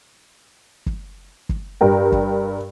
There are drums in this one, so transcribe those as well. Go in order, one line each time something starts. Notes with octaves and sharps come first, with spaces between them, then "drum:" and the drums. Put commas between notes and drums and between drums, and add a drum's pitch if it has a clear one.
drum: kick
drum: kick
G2 A#4 G5
drum: kick